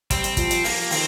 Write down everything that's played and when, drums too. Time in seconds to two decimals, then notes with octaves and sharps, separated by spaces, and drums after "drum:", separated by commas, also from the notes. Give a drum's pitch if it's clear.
0.10 G3 C4, drum: kick, hi-hat
0.24 drum: hi-hat
0.37 F3, drum: kick, hi-hat
0.51 drum: hi-hat
0.64 F3 A#3, drum: open hi-hat
0.91 D#3 C4, drum: open hi-hat